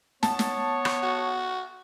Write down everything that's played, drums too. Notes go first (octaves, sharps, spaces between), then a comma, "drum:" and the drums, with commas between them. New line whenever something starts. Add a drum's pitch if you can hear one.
B3 C#5 A5, drum: snare
drum: snare
drum: rim click
F#4